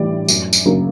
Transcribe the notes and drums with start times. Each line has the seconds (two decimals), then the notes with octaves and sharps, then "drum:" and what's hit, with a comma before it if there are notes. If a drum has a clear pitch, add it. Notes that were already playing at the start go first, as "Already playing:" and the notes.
Already playing: A2 E3 G3 D5
0.28 F#2, drum: tambourine
0.53 drum: tambourine
0.66 C#3 F#3 A#3